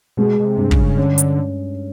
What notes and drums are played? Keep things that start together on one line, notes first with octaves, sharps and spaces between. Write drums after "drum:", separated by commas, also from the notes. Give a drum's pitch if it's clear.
B2 G#3
B2
C3
G2
C#3, drum: kick
D3 C#4
drum: hi-hat